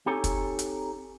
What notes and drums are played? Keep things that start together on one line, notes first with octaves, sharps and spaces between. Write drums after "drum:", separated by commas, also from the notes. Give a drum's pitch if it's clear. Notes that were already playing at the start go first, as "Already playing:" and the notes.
C4 D#4 G4 A4 C#5 G#5
drum: kick, hi-hat
drum: hi-hat